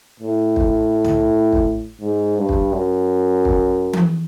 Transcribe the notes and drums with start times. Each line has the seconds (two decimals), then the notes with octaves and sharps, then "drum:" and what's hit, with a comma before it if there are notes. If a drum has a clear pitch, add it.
0.20 A2
0.56 drum: kick
1.04 drum: tom
1.53 drum: kick
2.01 G#2
2.37 G2
2.49 drum: kick
2.73 F#2
3.45 drum: kick
3.93 drum: tom E3